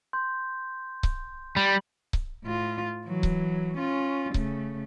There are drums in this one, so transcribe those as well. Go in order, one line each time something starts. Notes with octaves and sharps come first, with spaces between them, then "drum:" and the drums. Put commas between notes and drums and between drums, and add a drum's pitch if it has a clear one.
C6 G6
drum: kick C#1
G3 B5 F#7
drum: kick C#1
A2 F4
E3 F#3
drum: kick C#1
C#4 F4
C#3 A3, drum: kick C#1